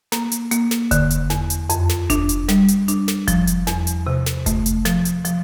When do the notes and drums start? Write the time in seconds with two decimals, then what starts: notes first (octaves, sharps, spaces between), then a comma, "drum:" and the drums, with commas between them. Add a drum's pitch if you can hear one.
0.12 A#3, drum: snare
0.32 drum: hi-hat
0.51 A#3, drum: hi-hat
0.71 drum: snare
0.91 D3, drum: kick F1, hi-hat
1.10 drum: hi-hat
1.30 E2, drum: snare
1.50 drum: hi-hat
1.70 F2, drum: hi-hat
1.89 drum: snare
2.10 D4, drum: kick F1, hi-hat
2.29 drum: hi-hat
2.48 G3, drum: snare
2.68 drum: hi-hat
2.88 D4, drum: hi-hat
3.08 drum: snare
3.28 F3, drum: kick F1, hi-hat
3.47 drum: hi-hat
3.67 E2, drum: snare
3.87 drum: hi-hat
4.07 C3
4.26 drum: snare
4.46 A3, drum: kick F1, hi-hat
4.66 drum: hi-hat
4.85 F3, drum: snare
5.05 drum: hi-hat
5.25 F3, drum: hi-hat